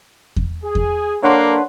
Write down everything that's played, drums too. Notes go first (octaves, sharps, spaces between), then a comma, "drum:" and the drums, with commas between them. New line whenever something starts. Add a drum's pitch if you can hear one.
drum: kick E2
G#4
drum: kick E2
F#3 A#3 D4 A4 B4 C#5 F#5 C6